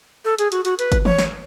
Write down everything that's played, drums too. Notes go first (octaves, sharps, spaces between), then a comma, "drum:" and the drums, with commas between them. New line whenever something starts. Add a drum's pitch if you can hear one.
A4
G#4, drum: hi-hat
F#4, drum: hi-hat
F#4, drum: hi-hat
B4, drum: hi-hat
drum: kick G1, hi-hat
C#5, drum: tom
drum: snare